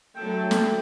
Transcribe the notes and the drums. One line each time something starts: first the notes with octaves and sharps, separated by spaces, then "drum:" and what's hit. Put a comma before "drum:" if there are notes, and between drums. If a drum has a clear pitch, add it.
D3 F#3 A3 A4 G5
drum: snare